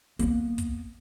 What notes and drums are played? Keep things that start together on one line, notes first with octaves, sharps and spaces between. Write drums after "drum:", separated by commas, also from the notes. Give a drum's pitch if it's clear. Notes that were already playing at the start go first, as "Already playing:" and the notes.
A#3 B3, drum: hi-hat
drum: kick, hi-hat